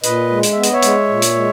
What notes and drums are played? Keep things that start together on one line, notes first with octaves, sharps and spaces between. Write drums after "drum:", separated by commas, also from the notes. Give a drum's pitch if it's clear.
A#2 B4 D#5, drum: hi-hat
G#3
drum: hi-hat
B3 E5
D#5, drum: hi-hat
C#5 E5
G#3, drum: hi-hat
A#2
drum: hi-hat
G#3